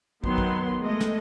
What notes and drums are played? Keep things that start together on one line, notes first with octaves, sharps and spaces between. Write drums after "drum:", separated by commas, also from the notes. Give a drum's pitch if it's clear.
D#3 F#3 B3 C6, drum: kick
drum: kick
G#3 A3 D#5
drum: snare